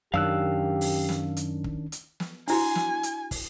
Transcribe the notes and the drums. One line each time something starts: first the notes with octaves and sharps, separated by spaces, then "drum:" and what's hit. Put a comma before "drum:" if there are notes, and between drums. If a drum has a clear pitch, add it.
F#2 D#3 C#4 D4 G4 F5 E6 F#6
drum: open hi-hat
drum: snare
drum: hi-hat
drum: kick
drum: hi-hat
drum: snare
D4 E4 F#4 G#5, drum: open hi-hat
drum: snare
drum: hi-hat
drum: kick, open hi-hat